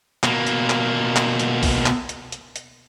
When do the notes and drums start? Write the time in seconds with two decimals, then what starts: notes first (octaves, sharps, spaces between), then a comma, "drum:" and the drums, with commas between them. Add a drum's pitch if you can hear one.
0.23 B2 A#3, drum: clap
0.47 drum: hi-hat
0.70 drum: clap
1.16 drum: clap
1.40 drum: hi-hat
1.63 drum: kick, open hi-hat
1.86 drum: clap
2.09 drum: hi-hat
2.32 drum: hi-hat
2.56 drum: hi-hat